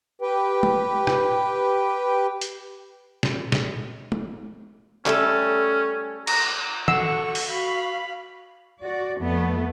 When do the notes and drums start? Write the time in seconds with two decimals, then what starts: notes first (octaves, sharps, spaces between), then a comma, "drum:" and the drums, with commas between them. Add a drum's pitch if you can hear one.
0.22 G4 B4 G5
0.63 drum: tom
1.07 drum: rim click
2.41 drum: hi-hat
3.23 drum: snare
3.52 drum: snare
4.12 drum: tom
5.06 G3 A3 C#4 A4, drum: clap
6.27 A#5, drum: cymbal
6.88 F#4 A4 F#5 C#6 E6, drum: tom
7.35 drum: open hi-hat
7.48 F#4 F5 B5
8.83 F#4 D5
9.19 F2 A3 B3